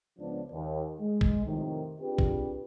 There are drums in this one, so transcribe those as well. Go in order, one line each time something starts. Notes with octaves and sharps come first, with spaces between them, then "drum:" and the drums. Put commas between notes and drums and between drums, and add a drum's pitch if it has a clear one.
C#2 F3 B3 D4
D#2
G#3
drum: kick
F2 A2 C3 D#3
C4 D4 F4 G4 G#4 B4
drum: kick